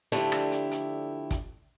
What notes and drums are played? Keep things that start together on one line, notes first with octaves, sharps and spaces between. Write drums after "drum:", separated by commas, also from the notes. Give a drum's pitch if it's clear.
D3 F3 A3 D4 E4 G4, drum: hi-hat
drum: rim click
drum: hi-hat
drum: hi-hat
drum: kick, hi-hat